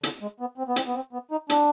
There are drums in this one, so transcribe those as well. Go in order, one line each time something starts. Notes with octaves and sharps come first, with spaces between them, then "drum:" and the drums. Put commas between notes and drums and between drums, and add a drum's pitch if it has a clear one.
D3, drum: hi-hat
G#3
B3
C4
B3
C4, drum: hi-hat
B3
C4
B3
D#4
D4, drum: hi-hat